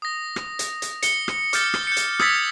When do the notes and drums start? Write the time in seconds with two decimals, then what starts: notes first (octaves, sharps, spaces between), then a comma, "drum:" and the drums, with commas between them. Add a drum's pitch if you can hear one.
0.02 D#6 A#6
0.36 drum: rim click
0.59 drum: hi-hat
0.82 drum: hi-hat
1.03 C#7 G7, drum: hi-hat
1.28 drum: rim click
1.53 D6 F6 G6 A6 C#7, drum: hi-hat
1.74 drum: rim click
1.87 G6 C#7
1.97 drum: hi-hat
2.19 D#6 E6 G#6 A6 B6, drum: rim click